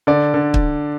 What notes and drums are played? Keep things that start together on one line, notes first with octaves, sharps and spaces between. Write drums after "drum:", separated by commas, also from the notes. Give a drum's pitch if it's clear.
D3 D5
D3
drum: kick